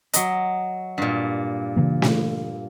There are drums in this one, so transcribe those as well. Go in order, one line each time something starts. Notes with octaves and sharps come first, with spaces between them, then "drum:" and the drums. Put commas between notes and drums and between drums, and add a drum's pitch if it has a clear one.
F#3 D#5, drum: hi-hat
G2 A#2
C#3 E3 A#3
drum: snare